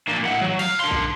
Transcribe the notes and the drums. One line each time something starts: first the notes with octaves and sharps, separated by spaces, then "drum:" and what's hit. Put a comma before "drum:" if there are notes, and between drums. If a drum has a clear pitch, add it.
A#3 D4
A2 F#5
F#3, drum: tom D#3
F5, drum: cymbal
D4 C6
drum: kick